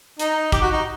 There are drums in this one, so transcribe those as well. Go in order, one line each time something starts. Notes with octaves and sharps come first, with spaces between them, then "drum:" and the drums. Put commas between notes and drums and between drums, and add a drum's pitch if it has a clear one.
D#4, drum: hi-hat
G4, drum: kick, hi-hat
F#4
D#4